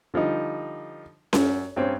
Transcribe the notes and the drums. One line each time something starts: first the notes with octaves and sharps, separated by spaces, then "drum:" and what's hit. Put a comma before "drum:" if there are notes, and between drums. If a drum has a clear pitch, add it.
D3 F3 G3 D#4
F#2, drum: snare C#4
G2 C4 C#4